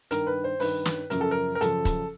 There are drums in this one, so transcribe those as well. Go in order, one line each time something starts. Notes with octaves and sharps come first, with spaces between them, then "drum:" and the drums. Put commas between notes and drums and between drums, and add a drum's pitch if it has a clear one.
G2 D#3 A#4, drum: hi-hat
B4
C5
G2 D#3 B4, drum: open hi-hat
drum: snare
F#2 C#3 F3 A#4, drum: hi-hat
A4
A#4
A#4
F#2 C#3 F3 A4, drum: hi-hat
drum: kick, hi-hat